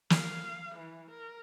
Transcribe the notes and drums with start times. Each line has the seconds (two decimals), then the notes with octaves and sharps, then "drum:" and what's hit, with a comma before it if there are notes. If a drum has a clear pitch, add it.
0.10 F5, drum: snare
0.75 E3
1.10 A#4